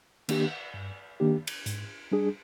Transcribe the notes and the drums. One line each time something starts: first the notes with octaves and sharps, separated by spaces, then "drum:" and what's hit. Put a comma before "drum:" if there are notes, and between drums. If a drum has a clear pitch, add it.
D#3 A#3 D4 G4, drum: cymbal
G2
D#3 A#3 D4 G4
drum: cymbal
G#2, drum: hi-hat
G3 D4 G#4